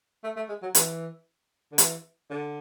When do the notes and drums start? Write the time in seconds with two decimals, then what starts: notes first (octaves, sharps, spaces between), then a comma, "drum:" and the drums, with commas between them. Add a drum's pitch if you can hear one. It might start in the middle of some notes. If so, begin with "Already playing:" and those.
0.24 A3
0.36 A3
0.49 G#3
0.62 F#3
0.75 E3, drum: hi-hat
1.72 D3
1.78 E3, drum: hi-hat
2.30 D3